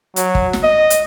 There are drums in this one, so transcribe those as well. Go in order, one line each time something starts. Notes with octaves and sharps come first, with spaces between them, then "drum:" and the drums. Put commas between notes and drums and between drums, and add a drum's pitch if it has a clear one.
F#3, drum: hi-hat
drum: kick
drum: snare
D#5
drum: hi-hat